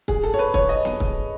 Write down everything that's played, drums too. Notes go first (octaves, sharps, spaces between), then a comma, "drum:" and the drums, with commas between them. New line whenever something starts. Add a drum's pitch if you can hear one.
G#4, drum: kick
A4
C#5
B4
C#5, drum: kick
D#5
drum: snare
drum: kick